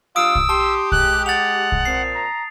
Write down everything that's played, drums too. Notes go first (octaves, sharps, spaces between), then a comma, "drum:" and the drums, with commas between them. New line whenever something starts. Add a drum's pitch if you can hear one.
G3 D4 F4 F5 D#6 E6 D7
drum: kick
G4 A5 C6
G#3 F#6, drum: kick
F#5 A6 F7
drum: kick
A#2 C4 C7
A#5